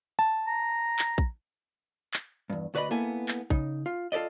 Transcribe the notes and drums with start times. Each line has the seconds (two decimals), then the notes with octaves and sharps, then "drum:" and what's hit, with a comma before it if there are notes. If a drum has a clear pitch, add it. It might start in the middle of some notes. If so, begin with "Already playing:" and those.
0.19 A5
0.47 A#5
0.99 drum: clap
1.18 drum: kick
2.14 drum: clap
2.50 E2 G2
2.74 D2 F#4 B4 D5 D#5 B5
2.91 A#3 B3 E4 A4 G#5
3.28 drum: clap
3.50 C#3 D#4, drum: kick
3.86 F4
4.12 F4 A4 B4 D5 D#5